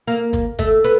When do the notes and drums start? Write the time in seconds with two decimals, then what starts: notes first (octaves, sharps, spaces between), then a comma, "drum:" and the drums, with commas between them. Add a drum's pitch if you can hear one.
0.07 A#3
0.33 drum: kick, hi-hat
0.59 A3, drum: kick, hi-hat
0.84 B3, drum: hi-hat